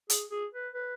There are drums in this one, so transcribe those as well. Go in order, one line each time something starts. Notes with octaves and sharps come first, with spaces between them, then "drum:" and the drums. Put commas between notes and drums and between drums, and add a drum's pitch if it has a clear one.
G#4, drum: hi-hat
G#4
B4
B4